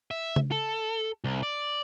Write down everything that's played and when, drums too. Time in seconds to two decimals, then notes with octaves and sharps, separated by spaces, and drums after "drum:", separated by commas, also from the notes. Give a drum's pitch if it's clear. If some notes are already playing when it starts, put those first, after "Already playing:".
0.11 E5
0.36 drum: tom C#3
0.52 A4
1.24 C2
1.43 D5